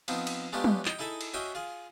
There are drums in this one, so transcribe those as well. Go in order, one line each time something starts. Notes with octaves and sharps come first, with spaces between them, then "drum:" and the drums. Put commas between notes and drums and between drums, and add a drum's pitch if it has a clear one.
F3 B3 C4 D#4, drum: cymbal
drum: cymbal
G#3 A3 B3 D4 F4 G4
drum: tom
D#5 G5, drum: clap
D#4 E4 G#4 A4 E5
drum: cymbal
C#4 F#4 D#5 E5 G5
F4 G#4